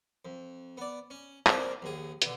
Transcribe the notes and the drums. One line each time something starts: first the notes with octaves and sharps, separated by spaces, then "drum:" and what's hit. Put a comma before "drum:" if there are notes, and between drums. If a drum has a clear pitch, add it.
F2
B3 D5
C#4
F3 A#3 C4 G#4 A#4 D5, drum: clap
A#1 D#2 G#4
B2 D3, drum: hi-hat